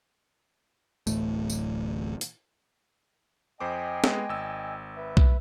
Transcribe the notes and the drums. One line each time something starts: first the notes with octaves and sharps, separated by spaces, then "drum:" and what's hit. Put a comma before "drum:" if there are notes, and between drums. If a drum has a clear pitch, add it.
D1 A1 A3, drum: tambourine
drum: tambourine
drum: hi-hat
F2 C5 D#5 G5 G#5 D6
G#3 B3, drum: snare
G#1 E6
B4 E5
drum: kick B1